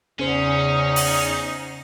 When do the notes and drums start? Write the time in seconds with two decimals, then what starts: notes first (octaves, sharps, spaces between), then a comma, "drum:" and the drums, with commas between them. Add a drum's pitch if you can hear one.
0.19 E2 C#3 C#4 D#4 C5 C7
0.96 drum: open hi-hat